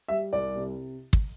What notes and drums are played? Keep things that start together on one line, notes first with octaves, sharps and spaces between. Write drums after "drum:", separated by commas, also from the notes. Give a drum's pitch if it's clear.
G3 E5
C2 D5
C3
drum: kick